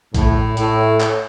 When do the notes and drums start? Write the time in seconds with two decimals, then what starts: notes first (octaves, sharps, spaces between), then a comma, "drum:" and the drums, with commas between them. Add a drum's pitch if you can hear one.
0.14 A2, drum: kick A1, hi-hat
0.57 A2, drum: hi-hat
1.00 drum: clap